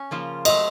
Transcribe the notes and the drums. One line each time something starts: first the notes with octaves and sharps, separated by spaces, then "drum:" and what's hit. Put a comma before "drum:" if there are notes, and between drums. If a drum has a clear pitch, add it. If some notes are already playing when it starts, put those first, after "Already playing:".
Already playing: C#4
C#3 F3 A#3 F4
F#3 A3 C4 D#5, drum: cymbal